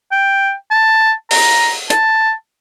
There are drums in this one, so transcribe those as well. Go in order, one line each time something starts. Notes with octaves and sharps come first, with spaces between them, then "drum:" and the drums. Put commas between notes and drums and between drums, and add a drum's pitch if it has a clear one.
G5
A5
A#5, drum: open hi-hat
A5, drum: hi-hat